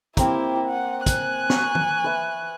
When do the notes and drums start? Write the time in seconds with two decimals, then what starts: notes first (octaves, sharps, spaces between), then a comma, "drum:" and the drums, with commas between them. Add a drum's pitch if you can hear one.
0.17 A#3 C4 E4 G4 A#4, drum: kick, hi-hat
0.66 F#5
1.06 G#5 F#6, drum: kick, hi-hat
1.50 C#6, drum: snare
1.75 drum: tom
2.04 B4 E5